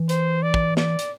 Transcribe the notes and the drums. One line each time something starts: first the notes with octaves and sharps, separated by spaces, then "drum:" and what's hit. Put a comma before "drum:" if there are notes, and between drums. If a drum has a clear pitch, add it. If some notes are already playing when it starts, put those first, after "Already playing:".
Already playing: E3
C5, drum: hi-hat
D5
drum: kick
D5, drum: snare
drum: hi-hat